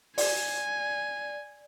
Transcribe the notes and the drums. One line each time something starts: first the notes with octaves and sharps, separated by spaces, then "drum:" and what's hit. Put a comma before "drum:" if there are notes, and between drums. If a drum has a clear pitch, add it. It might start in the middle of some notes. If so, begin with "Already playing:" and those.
D5 G#5, drum: open hi-hat